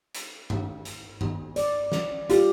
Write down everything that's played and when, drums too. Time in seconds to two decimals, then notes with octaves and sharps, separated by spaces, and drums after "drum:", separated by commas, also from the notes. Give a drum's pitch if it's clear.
0.15 drum: hi-hat
0.50 drum: tom G2
0.85 drum: hi-hat
1.21 drum: tom G2
1.56 D5, drum: hi-hat
1.92 drum: snare
2.30 F4 G4, drum: hi-hat